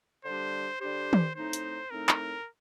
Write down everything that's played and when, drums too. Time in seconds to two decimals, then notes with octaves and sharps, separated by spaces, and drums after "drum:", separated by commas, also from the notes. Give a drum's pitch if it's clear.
0.25 D3 G3 D4 G4 C5
0.81 D3 G3 D4 G4 C5
1.13 drum: tom
1.35 A2 A3 C4 D#4 C5
1.53 drum: hi-hat
1.90 A2 A3 C4 D#4 A#4
2.09 drum: clap